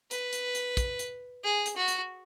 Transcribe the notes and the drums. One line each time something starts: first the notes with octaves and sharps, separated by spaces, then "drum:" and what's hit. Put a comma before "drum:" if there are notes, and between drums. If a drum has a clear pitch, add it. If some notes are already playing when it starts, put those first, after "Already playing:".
B4, drum: hi-hat
drum: hi-hat
drum: hi-hat
drum: kick, hi-hat
drum: hi-hat
G#4
drum: hi-hat
F#4
drum: hi-hat